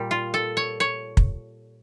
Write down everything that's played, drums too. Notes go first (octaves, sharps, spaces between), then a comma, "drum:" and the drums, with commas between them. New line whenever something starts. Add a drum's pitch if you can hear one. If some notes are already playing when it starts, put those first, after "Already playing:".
Already playing: A#2 G3
F4
A4
C#5
C#5
drum: kick